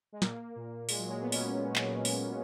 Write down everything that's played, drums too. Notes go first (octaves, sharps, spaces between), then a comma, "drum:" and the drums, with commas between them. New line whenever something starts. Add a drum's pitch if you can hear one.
G#3
A#2 A#3, drum: snare
A#2
A#2 G#3, drum: open hi-hat
F#3
G#3
A#2 B3
C#4, drum: open hi-hat
drum: clap
drum: open hi-hat